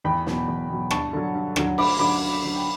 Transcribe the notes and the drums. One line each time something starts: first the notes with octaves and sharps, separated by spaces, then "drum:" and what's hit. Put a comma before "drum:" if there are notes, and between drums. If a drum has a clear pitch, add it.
E2 G5 B5
B2 F#3, drum: snare
E2
B2 F#3
G2 A5 C#6, drum: rim click
D3 F#3
G2
D3 F#3, drum: rim click
D2 B5 D6, drum: cymbal
D3 F#3 B5 D6
D2
D3 F#3
G5